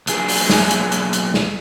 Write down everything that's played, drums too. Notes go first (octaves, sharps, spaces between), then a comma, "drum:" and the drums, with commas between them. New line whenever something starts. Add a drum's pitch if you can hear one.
B1 G#4, drum: hi-hat
drum: open hi-hat
drum: snare
drum: hi-hat
drum: hi-hat
drum: hi-hat
drum: snare